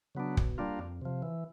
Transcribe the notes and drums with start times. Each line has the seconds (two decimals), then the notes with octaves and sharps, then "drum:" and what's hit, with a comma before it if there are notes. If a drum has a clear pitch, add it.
0.15 C#3 F#3 B3 D4
0.37 B2, drum: kick
0.58 G3 A#3 D4 F4
0.79 F2
1.02 C3 F3
1.22 E3